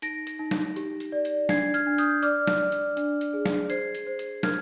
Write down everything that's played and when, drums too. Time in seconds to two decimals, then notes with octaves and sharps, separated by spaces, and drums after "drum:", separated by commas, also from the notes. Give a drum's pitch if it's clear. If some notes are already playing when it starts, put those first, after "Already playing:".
0.02 D#4 A#6 D7, drum: hi-hat
0.27 drum: hi-hat
0.39 D#4
0.51 drum: snare
0.76 G4, drum: hi-hat
1.00 drum: hi-hat
1.12 D5
1.25 drum: hi-hat
1.49 D4 G#6 C7, drum: snare
1.74 F6 G#6, drum: hi-hat
1.86 D4
1.98 D#6 G6, drum: hi-hat
2.22 D5 D6 F6, drum: hi-hat
2.47 drum: snare
2.59 D5
2.72 drum: hi-hat
2.97 D4, drum: hi-hat
3.21 drum: hi-hat
3.33 G#4
3.46 drum: snare
3.70 C5 G#6 C7, drum: hi-hat
3.95 drum: hi-hat
4.07 C5
4.19 drum: hi-hat
4.43 A#4 F6 G#6, drum: snare